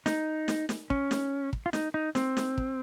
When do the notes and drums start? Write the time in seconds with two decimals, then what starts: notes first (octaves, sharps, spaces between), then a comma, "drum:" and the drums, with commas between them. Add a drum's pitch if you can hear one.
0.06 D#4, drum: snare
0.48 drum: snare
0.69 drum: snare
0.90 C#4, drum: kick
1.11 drum: snare
1.53 drum: kick
1.66 F4
1.73 D#4, drum: snare
1.94 D#4
2.15 C4, drum: snare
2.37 drum: snare
2.58 drum: kick